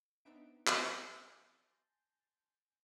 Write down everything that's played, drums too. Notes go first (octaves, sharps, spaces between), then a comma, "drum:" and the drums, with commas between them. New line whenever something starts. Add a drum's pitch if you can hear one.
B3 C4 D4 D#4 E5 D7
drum: clap
G#5 A5 C6 G6 A6 A#6